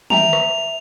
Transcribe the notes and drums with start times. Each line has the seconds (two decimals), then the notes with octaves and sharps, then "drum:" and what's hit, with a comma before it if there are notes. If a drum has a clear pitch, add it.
0.10 E5 G5 A#5 F7, drum: tom
0.33 drum: rim click